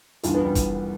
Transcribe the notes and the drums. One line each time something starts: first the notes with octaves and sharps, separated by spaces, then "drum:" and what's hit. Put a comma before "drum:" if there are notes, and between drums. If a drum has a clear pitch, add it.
C2 C3 E3 D4 F4, drum: hi-hat
B3 D4
G3
drum: kick, hi-hat